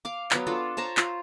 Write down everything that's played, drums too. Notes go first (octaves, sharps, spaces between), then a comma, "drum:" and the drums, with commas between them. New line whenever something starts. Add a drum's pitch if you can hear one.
F5 D6
F#3 B3 C#5, drum: clap
D4 F4 A4
C5 C#5 A5 A#5
F4, drum: clap